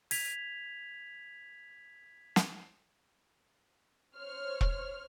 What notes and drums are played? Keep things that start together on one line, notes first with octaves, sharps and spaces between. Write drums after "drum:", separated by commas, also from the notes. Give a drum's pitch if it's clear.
G#6 B6 F7, drum: open hi-hat
drum: snare
C5 C#5 F6
drum: kick E1